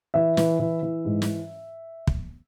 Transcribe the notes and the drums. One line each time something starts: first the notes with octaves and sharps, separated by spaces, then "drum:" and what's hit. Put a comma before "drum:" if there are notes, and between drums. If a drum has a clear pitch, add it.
E3 E5
E3, drum: snare
E3
E3
G#2
drum: snare
drum: kick